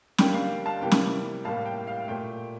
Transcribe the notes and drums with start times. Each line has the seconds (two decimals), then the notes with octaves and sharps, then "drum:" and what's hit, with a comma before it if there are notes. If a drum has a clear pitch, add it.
0.18 D3 G3 A#3 G5, drum: snare
0.34 F5
0.66 F5 A5
0.81 C3 E3 G3 A#3 G5
0.92 drum: snare
1.45 A2 G3 A#3 F5 A5
1.66 G5
1.87 F5
2.08 A#2 A3 G5